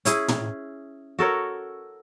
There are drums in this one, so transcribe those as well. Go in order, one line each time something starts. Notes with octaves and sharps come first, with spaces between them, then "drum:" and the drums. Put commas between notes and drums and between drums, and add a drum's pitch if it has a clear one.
C#4 E4 G#4, drum: hi-hat
drum: tom
F#4 A4 A#4 C#5